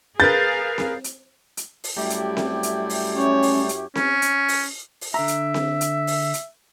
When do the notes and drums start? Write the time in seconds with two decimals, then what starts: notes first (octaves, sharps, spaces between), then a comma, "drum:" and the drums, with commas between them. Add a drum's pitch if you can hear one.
0.20 G#4 A#4 B4 F5 G6 A6
0.78 drum: snare C4
1.04 drum: hi-hat
1.57 drum: hi-hat
1.84 drum: open hi-hat
1.97 F#2 G3 A3 E4 G4
2.10 drum: hi-hat
2.37 drum: snare C4
2.63 drum: hi-hat
2.90 drum: open hi-hat
3.17 C#4 C#5
3.42 drum: open hi-hat
3.69 drum: hi-hat
3.95 C#4, drum: snare C4
4.22 drum: hi-hat
4.48 drum: open hi-hat
5.01 drum: open hi-hat
5.14 D3 E5 A#5
5.28 drum: hi-hat
5.54 drum: snare C4
5.81 drum: hi-hat
6.07 drum: open hi-hat
6.34 drum: hi-hat